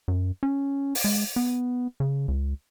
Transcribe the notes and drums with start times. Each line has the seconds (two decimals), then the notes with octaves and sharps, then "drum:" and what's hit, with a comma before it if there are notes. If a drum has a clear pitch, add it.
0.08 F#2
0.43 C#4
0.95 drum: open hi-hat
1.04 G#3
1.36 B3
2.00 C#3
2.28 C#2